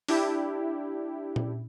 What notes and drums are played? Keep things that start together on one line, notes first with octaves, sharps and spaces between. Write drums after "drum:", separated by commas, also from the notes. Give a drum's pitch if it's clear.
D4 E4 G4, drum: open hi-hat
drum: tom A#2